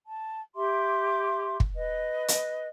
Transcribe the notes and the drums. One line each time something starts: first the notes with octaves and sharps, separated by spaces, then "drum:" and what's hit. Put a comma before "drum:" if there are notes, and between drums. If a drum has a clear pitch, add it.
A5
G4 E5 C6 D6
drum: kick
B4 D#5
drum: hi-hat